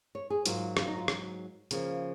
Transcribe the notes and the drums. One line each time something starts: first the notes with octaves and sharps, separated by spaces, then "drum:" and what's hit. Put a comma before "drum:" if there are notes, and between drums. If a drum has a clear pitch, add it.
C#5
G#4
G#2 F#3 A#3 F4, drum: hi-hat
F4, drum: rim click
D#4
F4
drum: rim click
C#3 F3 A#3, drum: hi-hat